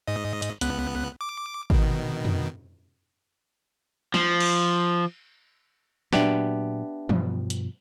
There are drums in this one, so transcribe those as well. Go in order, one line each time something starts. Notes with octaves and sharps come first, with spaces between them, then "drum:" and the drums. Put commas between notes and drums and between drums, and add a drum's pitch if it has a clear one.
G#2 D#5
drum: hi-hat
C#2 B3 F#6, drum: hi-hat
D6
B2 D#3, drum: kick
drum: tom F2
F3, drum: snare
drum: cymbal
A#2 F#3 B3 D4 G4 D5 E5 A5, drum: snare
G2 B2 F3, drum: tom E3
drum: hi-hat